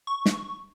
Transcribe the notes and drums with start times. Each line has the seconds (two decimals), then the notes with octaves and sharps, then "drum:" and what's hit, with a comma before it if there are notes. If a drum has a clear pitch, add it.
0.07 C#6
0.26 drum: snare